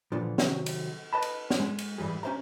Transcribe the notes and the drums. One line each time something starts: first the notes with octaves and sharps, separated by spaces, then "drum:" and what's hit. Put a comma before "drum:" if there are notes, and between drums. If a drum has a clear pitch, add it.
A#2 D3 E3 F3
C3 D#3 F#3 C4 E5, drum: snare
drum: cymbal
B4 D#5 A5 B5
drum: cymbal
drum: snare
G#3
drum: cymbal
G#2 E3 F#3 G3 G#4
C#4 G4 C5 E5 A#5